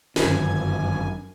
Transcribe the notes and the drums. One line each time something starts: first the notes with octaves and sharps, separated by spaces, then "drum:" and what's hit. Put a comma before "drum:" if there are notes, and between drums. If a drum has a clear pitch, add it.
G1 F#2 D#3 G#5, drum: snare